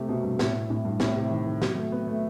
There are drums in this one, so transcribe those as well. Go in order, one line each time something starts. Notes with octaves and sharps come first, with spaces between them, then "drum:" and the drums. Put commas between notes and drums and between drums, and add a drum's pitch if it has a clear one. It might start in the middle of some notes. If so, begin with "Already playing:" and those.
Already playing: C3 A3
B2
G2
A2, drum: snare
A2
G2
A2, drum: snare
C3
D#3
D#3
F#3, drum: snare
A3
B3
A3